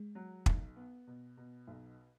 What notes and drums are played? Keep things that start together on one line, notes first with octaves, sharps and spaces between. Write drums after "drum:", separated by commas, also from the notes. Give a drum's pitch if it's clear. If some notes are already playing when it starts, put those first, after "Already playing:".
Already playing: G#3
F#3
B1, drum: kick
B3
B2
B2
B1